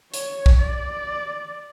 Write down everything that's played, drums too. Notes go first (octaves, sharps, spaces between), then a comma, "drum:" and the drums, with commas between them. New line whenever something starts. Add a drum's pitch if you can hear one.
C#5, drum: hi-hat
drum: kick
D5